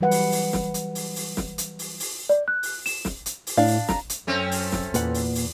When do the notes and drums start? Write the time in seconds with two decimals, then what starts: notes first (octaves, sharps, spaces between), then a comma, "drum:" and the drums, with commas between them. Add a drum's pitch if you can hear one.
0.01 E3 F#3 G3 B4 F#5
0.11 drum: open hi-hat
0.32 drum: open hi-hat
0.53 drum: snare
0.74 drum: hi-hat
0.95 drum: open hi-hat
1.16 drum: open hi-hat
1.37 drum: snare
1.58 drum: hi-hat
1.79 drum: open hi-hat
2.00 drum: open hi-hat
2.29 D5
2.48 F#6
2.63 drum: open hi-hat
2.86 E7, drum: open hi-hat
3.05 drum: snare
3.26 drum: hi-hat
3.47 drum: open hi-hat
3.57 A2 D4 F5
3.68 drum: open hi-hat
3.89 A#5, drum: snare
4.10 drum: hi-hat
4.27 F#2 A3 C4 C#4
4.51 drum: open hi-hat
4.72 drum: snare
4.94 E2 A#2 B4 F#5, drum: hi-hat
5.14 drum: open hi-hat
5.35 drum: open hi-hat